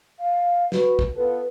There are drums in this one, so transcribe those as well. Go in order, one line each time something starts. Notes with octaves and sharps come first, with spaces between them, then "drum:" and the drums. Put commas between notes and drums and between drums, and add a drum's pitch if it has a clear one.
F5
F#4 B4, drum: snare
drum: kick
B3 F4 A4 B4